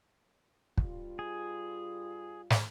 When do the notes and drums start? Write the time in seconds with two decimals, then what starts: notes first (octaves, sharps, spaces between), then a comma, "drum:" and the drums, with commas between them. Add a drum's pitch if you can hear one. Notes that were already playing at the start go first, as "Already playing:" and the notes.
0.78 G2 G3 F4, drum: kick
1.19 G#4
2.50 drum: snare